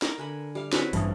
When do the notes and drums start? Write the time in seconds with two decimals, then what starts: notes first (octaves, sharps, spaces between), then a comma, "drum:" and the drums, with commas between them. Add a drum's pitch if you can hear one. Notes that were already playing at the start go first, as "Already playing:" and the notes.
0.02 A#4, drum: snare
0.18 D3 G#5 B5
0.55 G3 F5
0.73 F#3 C4 C#4 E4 G4 B4, drum: snare
0.93 A1 G2 A#2 E3 A5 D#6, drum: hi-hat